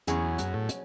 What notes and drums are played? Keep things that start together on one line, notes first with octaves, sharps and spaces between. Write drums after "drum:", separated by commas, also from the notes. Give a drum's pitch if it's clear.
E2 B2 F#3 C#4 G#4, drum: hi-hat
F#2, drum: hi-hat
A2
drum: hi-hat